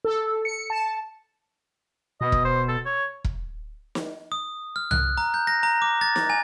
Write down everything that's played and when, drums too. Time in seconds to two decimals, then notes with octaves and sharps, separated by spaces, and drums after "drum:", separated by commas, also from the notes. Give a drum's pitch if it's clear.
0.05 A4
0.45 C#7
0.70 A5
2.21 B2 D#5
2.32 drum: kick E1
2.45 C5
2.69 A4
2.86 C#5
3.24 drum: kick E1
3.95 drum: snare
4.32 D#6
4.76 F6
4.91 F#6, drum: tom C2
5.17 A#5
5.34 G6
5.47 A#6
5.63 A#5
5.82 D6
6.01 A6
6.16 drum: snare
6.30 G#5